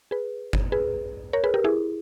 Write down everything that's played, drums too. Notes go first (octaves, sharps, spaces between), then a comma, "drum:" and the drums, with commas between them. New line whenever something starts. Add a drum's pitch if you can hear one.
G#4 B4
drum: kick G1
G#4 B4
A#4 C#5
G#4 B4
G4 A#4
E4 G#4